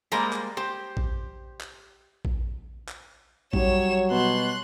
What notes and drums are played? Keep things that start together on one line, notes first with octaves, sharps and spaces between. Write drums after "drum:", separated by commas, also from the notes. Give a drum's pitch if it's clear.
G3 G#3 A#3 C5 A#5 B5
drum: clap
G4 C5
drum: kick A#1
drum: clap
drum: kick A#1
drum: clap
F#3 G3 C#5 E7, drum: kick A#1
B2 C6 F#6